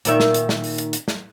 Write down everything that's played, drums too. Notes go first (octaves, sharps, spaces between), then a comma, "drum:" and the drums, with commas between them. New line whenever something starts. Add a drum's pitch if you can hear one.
A#2 D#3 E5, drum: hi-hat
drum: snare
drum: hi-hat
drum: snare
drum: open hi-hat
drum: hi-hat
drum: hi-hat
drum: snare